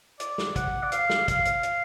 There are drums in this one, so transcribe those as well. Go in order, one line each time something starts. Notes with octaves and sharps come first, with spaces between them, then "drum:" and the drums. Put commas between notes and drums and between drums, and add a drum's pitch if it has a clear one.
D5, drum: hi-hat
drum: snare
F#5, drum: kick, hi-hat
D5
F5, drum: hi-hat
drum: snare
F5, drum: kick, hi-hat
drum: hi-hat
drum: hi-hat